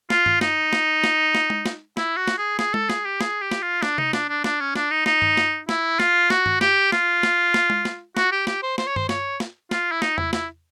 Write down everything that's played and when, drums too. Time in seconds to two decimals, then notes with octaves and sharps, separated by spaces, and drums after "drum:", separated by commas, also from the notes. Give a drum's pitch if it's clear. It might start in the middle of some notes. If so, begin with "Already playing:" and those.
0.10 F4, drum: snare
0.26 drum: tom G2
0.41 D#4, drum: snare
0.73 drum: snare
1.04 drum: snare
1.35 drum: snare
1.50 drum: tom G#3
1.66 drum: snare
1.97 E4, drum: snare
2.17 F#4
2.28 drum: snare
2.38 G#4
2.59 G#4, drum: snare
2.74 A4, drum: tom G#3
2.90 G#4, drum: snare
3.05 G4
3.21 G#4, drum: snare
3.41 G4
3.51 drum: snare
3.62 F4
3.83 D4, drum: snare
3.98 D#4, drum: tom C3
4.13 D4, drum: snare
4.29 D4
4.44 D4, drum: snare
4.60 C#4
4.76 D4, drum: snare
4.91 D#4
5.06 D#4, drum: snare
5.22 drum: tom G2
5.37 drum: snare
5.69 E4, drum: snare
6.00 F4, drum: snare
6.30 F#4, drum: snare
6.46 drum: tom G2
6.61 G4, drum: snare
6.92 F4, drum: snare
7.23 drum: snare
7.54 drum: snare
7.70 drum: tom G#3
7.85 drum: snare
8.17 F#4, drum: snare
8.32 G4
8.47 G4, drum: snare
8.63 C5
8.78 C5, drum: snare
8.87 C#5
8.96 C5, drum: tom G2
9.09 C#5, drum: snare
9.40 drum: snare
9.71 F4, drum: snare
9.92 E4
10.02 D#4, drum: snare
10.18 E4, drum: tom E2
10.33 E4, drum: snare